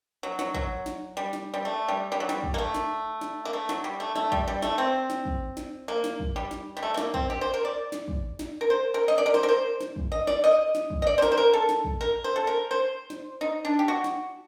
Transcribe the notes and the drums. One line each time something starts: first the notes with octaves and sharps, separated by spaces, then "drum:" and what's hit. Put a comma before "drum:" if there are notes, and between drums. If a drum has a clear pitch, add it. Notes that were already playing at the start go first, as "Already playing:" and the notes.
F#3
F#3, drum: snare
F#3, drum: kick
drum: snare
G3
drum: snare
G3
A3
G3
G3
F#3
G3, drum: snare
drum: kick
A#3
A3
drum: snare
drum: snare
A#3
A3
F#3, drum: snare
G3
A3
A3, drum: snare
G3, drum: kick
G3
A3, drum: snare
C4
drum: snare
drum: kick
drum: snare
A#3
drum: snare
drum: kick
G3
drum: snare
G3
A3
A3
A#3, drum: snare
C4, drum: kick
G4
C5
A#4
D5
drum: snare
drum: kick
drum: snare
A#4
C5
A#4
D#5
D5
A#4
C5, drum: snare
A#4
C5
drum: snare
drum: kick
D#5
D5, drum: snare
D#5
drum: snare
drum: kick
D#5
D5
C5
A#4, drum: snare
C5
A#4
A4
drum: snare
drum: kick
A#4
C5
A4
A#4
C5
drum: snare
D#4
D4
G4
F#4
drum: snare